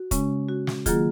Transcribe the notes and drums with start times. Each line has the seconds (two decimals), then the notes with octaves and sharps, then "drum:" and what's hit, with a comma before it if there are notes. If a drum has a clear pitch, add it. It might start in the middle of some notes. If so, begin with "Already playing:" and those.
Already playing: F#4
0.11 C#3 G#3 C#4, drum: kick, hi-hat
0.49 F#4
0.67 drum: snare
0.86 D#3 F#3 A#3 F4 G#4, drum: kick, hi-hat